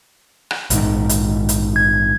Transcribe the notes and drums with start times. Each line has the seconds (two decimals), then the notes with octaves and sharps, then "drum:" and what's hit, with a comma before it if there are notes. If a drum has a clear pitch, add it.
0.51 drum: rim click
0.70 A#1 G#2 D#3, drum: hi-hat
1.09 drum: hi-hat
1.49 drum: hi-hat
1.76 G#6